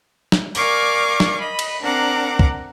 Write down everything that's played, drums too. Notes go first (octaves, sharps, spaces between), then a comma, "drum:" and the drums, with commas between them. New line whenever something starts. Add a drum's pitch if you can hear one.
drum: snare
A#4 D5 F5 G#5 C#6 D6, drum: open hi-hat
drum: snare
D#5 B5
drum: cymbal
C4 D4 A#4 F#5 A#5 D6
drum: kick